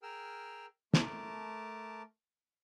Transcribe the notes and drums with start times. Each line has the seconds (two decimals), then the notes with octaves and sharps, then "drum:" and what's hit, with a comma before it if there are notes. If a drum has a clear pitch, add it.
0.03 G#4 A#4 G5 E6 F6
0.94 A3 A#4 A5 D6, drum: snare